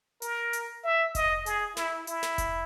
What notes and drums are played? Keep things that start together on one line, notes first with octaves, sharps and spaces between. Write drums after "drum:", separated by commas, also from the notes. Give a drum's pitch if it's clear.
A#4, drum: hi-hat
drum: hi-hat
E5
D#5, drum: kick F1, hi-hat
G#4, drum: hi-hat
E4, drum: snare
E4, drum: hi-hat
drum: snare
drum: kick F1, hi-hat